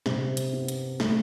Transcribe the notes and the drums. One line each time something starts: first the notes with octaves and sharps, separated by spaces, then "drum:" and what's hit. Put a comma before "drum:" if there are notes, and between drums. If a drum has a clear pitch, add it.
C3, drum: snare
drum: hi-hat
B3
drum: hi-hat
A3, drum: snare